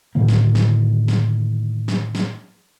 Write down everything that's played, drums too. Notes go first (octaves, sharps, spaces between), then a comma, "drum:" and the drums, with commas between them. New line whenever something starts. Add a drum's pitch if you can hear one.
A2 D3 D#3 A#3
drum: snare
drum: snare
drum: snare
drum: snare
drum: snare